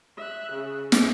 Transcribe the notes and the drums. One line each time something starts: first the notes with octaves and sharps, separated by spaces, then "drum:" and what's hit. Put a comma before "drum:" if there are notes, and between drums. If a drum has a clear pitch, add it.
E5 F#6
C#3
drum: snare